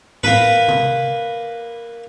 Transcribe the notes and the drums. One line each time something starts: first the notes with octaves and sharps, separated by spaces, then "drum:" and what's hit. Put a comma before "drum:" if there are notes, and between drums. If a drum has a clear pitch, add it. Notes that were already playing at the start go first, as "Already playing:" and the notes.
A#3 B4, drum: tom G#2
drum: tom C3